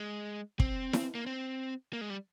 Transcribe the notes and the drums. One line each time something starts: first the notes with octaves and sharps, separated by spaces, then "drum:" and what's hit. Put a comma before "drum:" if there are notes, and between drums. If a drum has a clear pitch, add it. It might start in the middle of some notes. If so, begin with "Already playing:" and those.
Already playing: G#3
C4, drum: kick
drum: snare E4
A#3
C4
A#3
G#3
G3